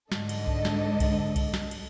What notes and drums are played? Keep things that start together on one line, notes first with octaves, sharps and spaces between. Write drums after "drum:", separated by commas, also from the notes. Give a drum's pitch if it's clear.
G#2 D3 A4 D#5, drum: snare
drum: cymbal
drum: kick C2
drum: snare
drum: kick C2, cymbal
drum: kick C2, cymbal
drum: snare
drum: cymbal